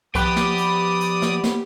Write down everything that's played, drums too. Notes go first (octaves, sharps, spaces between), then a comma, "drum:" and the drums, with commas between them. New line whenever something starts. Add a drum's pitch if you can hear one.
F3 B3 G4 B4 D5 G5 D#6, drum: kick C2, hi-hat
drum: snare
drum: hi-hat
drum: hi-hat
drum: snare
drum: snare